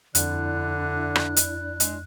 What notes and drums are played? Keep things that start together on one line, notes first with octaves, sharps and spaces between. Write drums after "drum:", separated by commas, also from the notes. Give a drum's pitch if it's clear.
F2 D3 D4 E4 D5 F#6, drum: hi-hat
drum: rim click
drum: hi-hat
G#3, drum: hi-hat